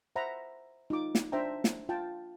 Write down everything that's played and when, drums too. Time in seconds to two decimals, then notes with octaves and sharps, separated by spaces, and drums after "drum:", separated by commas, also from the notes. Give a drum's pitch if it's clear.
0.16 C5 E5 F#5 A#5 B5
0.90 D#4 F4 D6
1.15 drum: snare
1.32 D4 C5 E5 G5 A#5
1.64 drum: snare
1.89 F4 G5 A5